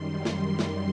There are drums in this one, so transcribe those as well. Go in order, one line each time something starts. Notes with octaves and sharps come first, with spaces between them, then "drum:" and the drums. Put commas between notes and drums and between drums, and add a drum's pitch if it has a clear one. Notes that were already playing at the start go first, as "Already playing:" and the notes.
Already playing: F#2 D#3 G3 C6
drum: snare
drum: snare